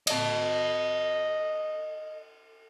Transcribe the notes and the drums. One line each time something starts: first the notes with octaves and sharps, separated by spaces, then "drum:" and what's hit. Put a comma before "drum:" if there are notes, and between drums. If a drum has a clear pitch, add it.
D#5 A5, drum: cymbal